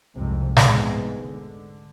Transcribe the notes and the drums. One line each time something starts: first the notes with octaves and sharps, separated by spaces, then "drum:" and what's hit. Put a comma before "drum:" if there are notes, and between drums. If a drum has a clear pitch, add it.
C2 F2 G#2 C3
F1 G#2 C3 G#3 B3, drum: snare
D3